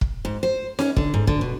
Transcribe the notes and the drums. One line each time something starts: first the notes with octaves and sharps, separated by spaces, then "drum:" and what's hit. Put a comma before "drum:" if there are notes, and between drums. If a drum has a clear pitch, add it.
drum: kick
G#2
C5
C#4, drum: snare
D3, drum: kick
G#2
D3, drum: kick
B2